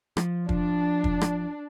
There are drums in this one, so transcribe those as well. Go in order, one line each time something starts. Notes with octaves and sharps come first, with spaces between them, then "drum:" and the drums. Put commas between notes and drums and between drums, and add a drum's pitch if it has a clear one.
F3, drum: rim click
F3 D4, drum: kick
drum: kick
drum: rim click